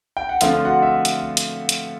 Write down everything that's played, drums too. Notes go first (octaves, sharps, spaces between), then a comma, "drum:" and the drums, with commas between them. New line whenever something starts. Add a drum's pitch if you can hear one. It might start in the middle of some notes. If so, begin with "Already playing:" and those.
G5
F#5
D3 F3 A3 C4 F4 F5, drum: hi-hat
F#4 F#5
E5
drum: hi-hat
drum: hi-hat
drum: hi-hat